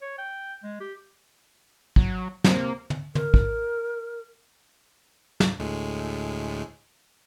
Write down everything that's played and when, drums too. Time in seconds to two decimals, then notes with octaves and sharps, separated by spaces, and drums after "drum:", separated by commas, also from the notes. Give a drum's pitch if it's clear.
0.01 C#5
0.18 G5
0.63 G#3
0.80 G4
1.96 F#3, drum: kick
2.44 C3 A#3, drum: snare
2.90 drum: tom
3.15 A#4, drum: tom
3.34 drum: kick
5.40 drum: snare
5.60 D2 A2 G#3